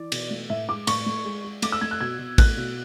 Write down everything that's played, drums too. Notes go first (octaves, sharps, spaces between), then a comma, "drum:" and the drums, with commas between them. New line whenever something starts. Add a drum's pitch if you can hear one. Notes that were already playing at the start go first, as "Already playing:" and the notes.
Already playing: E3 D5
B2, drum: cymbal
A3
A2 E5
G#3 D6
A2 C#6, drum: cymbal
A3
G#3
G#3
A3 D6, drum: cymbal
E6
A3 G#6
F#6
B2 G#6
B2
A3 F#6, drum: kick, cymbal
B2